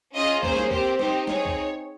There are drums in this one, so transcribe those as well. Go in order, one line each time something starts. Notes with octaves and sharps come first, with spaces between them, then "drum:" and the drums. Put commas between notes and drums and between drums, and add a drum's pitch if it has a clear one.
C#4 F4 G#4 D#5
A#3 C#4 G#4 C5, drum: kick C2
drum: snare
C4 G4 C5, drum: kick C2
C4 D#4 G4 C5, drum: snare
C4 D#4 G#4 C#5, drum: snare
drum: kick C2